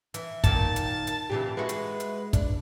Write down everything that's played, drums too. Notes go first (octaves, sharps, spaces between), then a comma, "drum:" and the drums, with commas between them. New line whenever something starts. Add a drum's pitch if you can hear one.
E3, drum: hi-hat
A#2 D#3 A#3 A5, drum: kick, hi-hat
drum: hi-hat
drum: hi-hat
A#2 C#3 E3 G4
G#3 E4 F#4 B4
drum: hi-hat
drum: hi-hat
D4, drum: kick, hi-hat